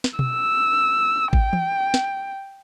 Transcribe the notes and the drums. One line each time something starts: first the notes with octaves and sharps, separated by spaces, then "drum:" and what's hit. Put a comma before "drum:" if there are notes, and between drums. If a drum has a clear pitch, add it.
drum: snare
E6, drum: tom B2
G5, drum: kick
drum: tom
drum: snare